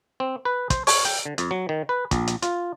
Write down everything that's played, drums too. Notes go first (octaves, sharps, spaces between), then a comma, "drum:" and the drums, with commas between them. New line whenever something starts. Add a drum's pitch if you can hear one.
C4
B4
C5, drum: kick, hi-hat
C#5, drum: open hi-hat
G5, drum: hi-hat
D3
F2, drum: hi-hat
F#3
D#3
B4
A#1, drum: kick, hi-hat
drum: hi-hat
F4, drum: hi-hat